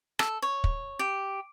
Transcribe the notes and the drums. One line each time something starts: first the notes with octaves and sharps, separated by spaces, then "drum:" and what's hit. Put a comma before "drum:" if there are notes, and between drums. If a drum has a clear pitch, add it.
A4, drum: rim click
C#5
drum: kick
G4